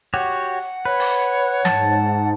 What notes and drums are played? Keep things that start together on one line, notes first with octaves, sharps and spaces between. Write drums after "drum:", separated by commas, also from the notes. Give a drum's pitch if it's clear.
F#4 G4 C#5 F#5
B4 C#5
drum: open hi-hat
G#2 A5, drum: snare